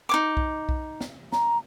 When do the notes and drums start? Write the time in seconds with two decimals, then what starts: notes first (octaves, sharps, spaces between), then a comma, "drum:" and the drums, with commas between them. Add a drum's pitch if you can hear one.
0.09 D#4 C#5 D6
0.37 drum: kick B1
0.69 drum: kick B1
1.01 drum: snare
1.32 A#5, drum: snare